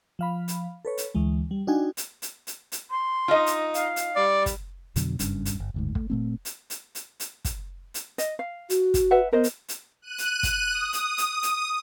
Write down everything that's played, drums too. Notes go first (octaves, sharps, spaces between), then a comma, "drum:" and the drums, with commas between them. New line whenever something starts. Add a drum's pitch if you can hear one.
F3 F5 B5
drum: hi-hat
A4 B4 C#5
drum: hi-hat
D2 E3 G#3
G3
D4 D#4 F#4 G5 G#5
drum: hi-hat
drum: hi-hat
drum: hi-hat
drum: hi-hat
C6
D#4 F4 D#5
drum: hi-hat
F5, drum: hi-hat
drum: hi-hat
G3 D5
drum: kick, hi-hat
F2 B2 D3 F#3, drum: hi-hat
F#1 G2 C#4, drum: hi-hat
drum: hi-hat
D1 G1
F#1 D2 G#2
A3, drum: kick
A#2 A3 C4
drum: hi-hat
drum: hi-hat
drum: hi-hat
drum: hi-hat
drum: kick, hi-hat
drum: hi-hat
D#5, drum: hi-hat
F5
F#4, drum: hi-hat
drum: kick, hi-hat
B4 E5 F#5
B3 A#4 C5 D#5
drum: hi-hat
drum: hi-hat
F#6 D#7
drum: hi-hat
drum: kick, hi-hat
D#6
drum: hi-hat
drum: hi-hat
drum: hi-hat